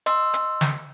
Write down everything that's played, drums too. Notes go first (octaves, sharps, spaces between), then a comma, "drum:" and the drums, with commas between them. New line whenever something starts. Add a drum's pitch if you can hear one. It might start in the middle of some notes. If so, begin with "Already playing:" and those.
D#5 C6 E6, drum: hi-hat
drum: hi-hat
drum: snare